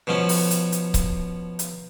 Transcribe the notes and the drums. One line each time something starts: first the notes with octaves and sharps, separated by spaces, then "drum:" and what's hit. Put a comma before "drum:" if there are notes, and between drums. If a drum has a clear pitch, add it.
B2 F3 C#4
drum: open hi-hat
drum: hi-hat
drum: hi-hat
drum: kick C#1, hi-hat
drum: hi-hat